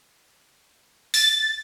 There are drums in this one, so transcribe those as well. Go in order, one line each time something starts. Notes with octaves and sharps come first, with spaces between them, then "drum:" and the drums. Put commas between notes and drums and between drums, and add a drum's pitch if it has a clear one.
A6, drum: open hi-hat